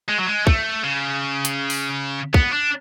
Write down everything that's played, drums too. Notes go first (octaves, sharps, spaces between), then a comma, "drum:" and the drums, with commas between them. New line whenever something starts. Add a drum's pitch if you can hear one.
G#3
F#3
G#3
A3, drum: kick
C#3
drum: hi-hat
drum: open hi-hat
B3, drum: kick
D4